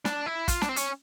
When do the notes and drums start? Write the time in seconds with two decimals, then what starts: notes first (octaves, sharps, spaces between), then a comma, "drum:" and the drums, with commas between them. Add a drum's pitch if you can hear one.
0.05 D4, drum: snare
0.26 E4
0.48 F4, drum: kick, hi-hat
0.62 D4, drum: snare
0.69 C4
0.76 C#4, drum: hi-hat